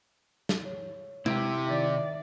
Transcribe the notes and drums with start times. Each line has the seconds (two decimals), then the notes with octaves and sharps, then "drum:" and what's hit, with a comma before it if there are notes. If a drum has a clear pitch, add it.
0.49 drum: snare
0.65 C#5
1.26 C3 E4 G4 E6 D7, drum: tom G#3
1.66 D#3 D5 E5